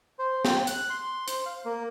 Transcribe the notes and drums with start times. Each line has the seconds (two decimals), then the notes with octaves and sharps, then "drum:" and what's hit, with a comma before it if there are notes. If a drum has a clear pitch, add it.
0.19 C5
0.45 G5, drum: snare
0.67 F#6, drum: hi-hat
0.90 C6
1.28 C5, drum: hi-hat
1.46 F5
1.65 A#3